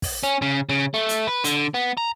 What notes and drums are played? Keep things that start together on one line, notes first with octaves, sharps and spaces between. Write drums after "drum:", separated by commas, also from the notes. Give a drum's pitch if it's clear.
drum: kick, open hi-hat
C#4
C#3
C#3
A3
drum: hi-hat
B4
D3, drum: hi-hat
B3
A#5